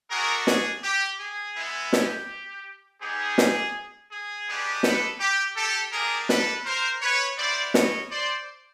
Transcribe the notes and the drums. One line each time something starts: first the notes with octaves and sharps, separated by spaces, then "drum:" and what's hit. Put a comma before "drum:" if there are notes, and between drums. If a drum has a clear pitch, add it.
A3 D4 F#4 G#4 A#4
G#4, drum: snare
G4
G#4
G#3 B3 E4
G4, drum: snare
G3 B3 D#4 G4 G#4
drum: snare
G#4
G#3 B3 D4 G4
A4 B4, drum: snare
G4
G4 A4
A#3 D4 G4 G#4 A#4
A4 B4, drum: snare
A#4 C5
B4 C#5
G3 B3 E4 C5 D5
C#5 D#5, drum: snare
C5 D5